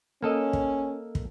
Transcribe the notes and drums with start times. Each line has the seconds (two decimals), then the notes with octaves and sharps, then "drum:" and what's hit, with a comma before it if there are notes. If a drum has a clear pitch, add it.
0.22 A#3 C#4 A4 D#5
0.53 drum: kick
1.15 drum: kick